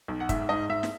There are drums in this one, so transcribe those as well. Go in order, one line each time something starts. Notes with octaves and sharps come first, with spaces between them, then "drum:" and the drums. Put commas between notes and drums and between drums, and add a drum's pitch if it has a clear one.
B1
F#5
G#2 E5, drum: kick, hi-hat
G#2 D#5
G#2 E5
drum: snare